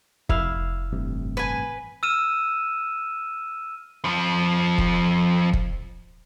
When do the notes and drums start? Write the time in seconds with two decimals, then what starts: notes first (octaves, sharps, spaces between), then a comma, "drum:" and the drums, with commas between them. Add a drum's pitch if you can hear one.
0.29 F1 E4 F5, drum: kick
0.93 A1 G2 C3
1.37 B4 G#5
2.03 E6 F6 D#7 E7
4.05 F2 F3
4.78 drum: kick
5.53 drum: kick